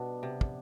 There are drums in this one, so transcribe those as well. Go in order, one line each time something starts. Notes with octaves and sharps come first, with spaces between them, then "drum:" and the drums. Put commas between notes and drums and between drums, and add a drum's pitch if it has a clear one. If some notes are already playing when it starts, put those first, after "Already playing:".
Already playing: B2 G3 B3 D4
C3
drum: kick